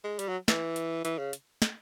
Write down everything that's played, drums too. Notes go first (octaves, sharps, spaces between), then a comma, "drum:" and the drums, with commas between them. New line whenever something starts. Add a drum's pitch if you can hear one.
G#3
G3, drum: hi-hat
F#3
E3, drum: snare
drum: hi-hat
E3, drum: hi-hat
C#3
drum: hi-hat
drum: snare